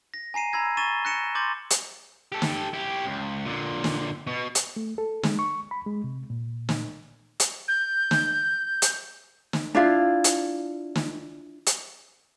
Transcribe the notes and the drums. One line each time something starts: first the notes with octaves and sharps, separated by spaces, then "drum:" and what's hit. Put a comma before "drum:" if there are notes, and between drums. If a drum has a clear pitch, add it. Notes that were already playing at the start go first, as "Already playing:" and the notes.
A#6
G#5 A#5 C7 D#7
A#5 B5 E6 G#6 A#6
C#6 A6 D#7 E7 G7
F#6 A#6 C#7 E7
C6 D6 G6 A6 F#7
drum: hi-hat
G4 A4
drum: snare
E4 G4
C#2
A#2 D3
drum: snare
B2
drum: hi-hat
A3
A4
G#3, drum: snare
C#6
B5
G#3
C3
A#2
drum: snare
drum: hi-hat
G6
drum: snare
drum: hi-hat
drum: snare
D4 E4 F4
drum: hi-hat
drum: snare
drum: hi-hat